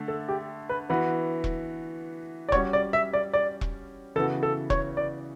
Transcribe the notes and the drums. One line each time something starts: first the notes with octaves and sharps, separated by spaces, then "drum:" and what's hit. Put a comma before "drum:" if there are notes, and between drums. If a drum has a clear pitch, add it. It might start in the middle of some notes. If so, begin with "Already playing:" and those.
Already playing: D3 A3
A4
G4
B4
E3 B3 F#4 B4
drum: kick E1
D5
G3 C#4 F#4 C#5, drum: kick E1
D5
E5
D5
D5
drum: kick E1
C#3 E3 B3 F#4 A4
A4
C#5, drum: kick E1
D5